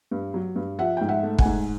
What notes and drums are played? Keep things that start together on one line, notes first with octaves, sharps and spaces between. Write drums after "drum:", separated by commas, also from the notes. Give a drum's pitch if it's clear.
G2
F#3
G2
F3 E5 F#5
G#2 G5
E5 F#5
A3
F#5 G#5, drum: kick
G#2